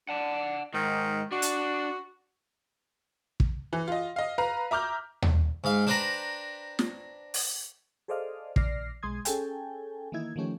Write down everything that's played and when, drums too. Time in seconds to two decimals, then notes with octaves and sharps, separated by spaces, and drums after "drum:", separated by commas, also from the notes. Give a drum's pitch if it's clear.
0.09 D4 F#5 A5
0.74 G#2 D#3
1.32 D4 F#4
1.42 drum: hi-hat
3.40 drum: kick
3.73 E3
3.88 F4 D#5
4.16 D#5 F5
4.38 B4 F5 A#5
4.71 E5 A#5 D6 F6 G6
5.22 drum: tom D#2
5.64 G#2 F5
5.87 D4 B4 C5 G5 A#5 B5
6.79 drum: snare
7.34 drum: open hi-hat
8.08 G#4 A4 C5 D5 D#5 F5
8.56 A#1 D#3 D5 F6 A#6 C7, drum: kick
9.03 B1 G#3 C6 D#6 G#6
9.25 C#4 G#4 A4 G5 G#5, drum: hi-hat
10.12 D#3 E3 A#3 D#4 E4 G#6
10.36 D#3 F3 A3 C#4 G4